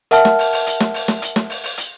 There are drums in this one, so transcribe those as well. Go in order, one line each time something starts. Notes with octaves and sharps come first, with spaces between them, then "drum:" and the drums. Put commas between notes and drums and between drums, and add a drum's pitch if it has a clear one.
A#4 E5 F#5 A5 F6, drum: hi-hat
drum: snare
drum: open hi-hat
drum: open hi-hat
drum: hi-hat
drum: snare
drum: open hi-hat
drum: snare
drum: hi-hat
drum: snare
drum: open hi-hat
drum: open hi-hat
drum: hi-hat